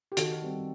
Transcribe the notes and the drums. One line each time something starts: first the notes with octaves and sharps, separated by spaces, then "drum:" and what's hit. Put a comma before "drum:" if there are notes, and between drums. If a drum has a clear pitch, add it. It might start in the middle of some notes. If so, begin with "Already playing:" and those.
G4
D#3 F#4 A4, drum: hi-hat
G3 C4